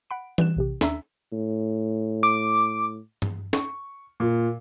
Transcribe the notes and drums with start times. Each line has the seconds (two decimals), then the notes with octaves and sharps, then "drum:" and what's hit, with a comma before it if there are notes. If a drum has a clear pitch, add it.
0.10 F#5 B5 D7
0.38 E3 G3 F#6 E7, drum: tom E3
0.57 A#1 C3 G4
0.81 D#2 D4 E5 A#5 E6 B6, drum: snare
1.32 A2
2.23 D6
3.22 drum: tom G2
3.53 C#6, drum: snare
4.20 A#2